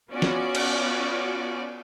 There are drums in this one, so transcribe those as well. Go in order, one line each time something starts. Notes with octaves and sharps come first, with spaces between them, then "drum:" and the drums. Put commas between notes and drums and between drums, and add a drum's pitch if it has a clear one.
B3 C#4 F4 F#4 D5
drum: snare
drum: cymbal